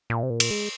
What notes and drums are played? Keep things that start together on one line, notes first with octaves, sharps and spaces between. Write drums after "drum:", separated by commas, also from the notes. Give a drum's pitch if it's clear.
A#2
C3
A#2
drum: cymbal
G#3